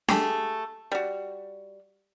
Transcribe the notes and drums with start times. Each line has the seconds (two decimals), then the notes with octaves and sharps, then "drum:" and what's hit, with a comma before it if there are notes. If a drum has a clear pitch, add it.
0.08 A3 G4 G#4, drum: snare D4
0.92 G3 F#4